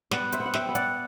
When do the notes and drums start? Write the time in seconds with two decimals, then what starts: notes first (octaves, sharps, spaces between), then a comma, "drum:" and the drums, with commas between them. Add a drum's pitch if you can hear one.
0.11 B3 B4 D5, drum: snare
0.32 C5 E5, drum: hi-hat
0.40 B3
0.46 F#5
0.54 E5 G5, drum: snare
0.69 B3
0.75 D5 F#5, drum: hi-hat